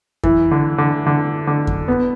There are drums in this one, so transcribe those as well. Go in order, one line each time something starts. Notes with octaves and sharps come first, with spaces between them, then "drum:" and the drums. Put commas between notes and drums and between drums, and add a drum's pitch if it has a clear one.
E3, drum: kick F2
D3
D3
D3
D3
drum: kick F2
B3